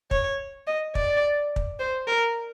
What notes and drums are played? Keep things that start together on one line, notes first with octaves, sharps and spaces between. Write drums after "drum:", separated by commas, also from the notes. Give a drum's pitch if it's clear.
C#5, drum: kick
D#5
D5, drum: kick
drum: kick
C5
A#4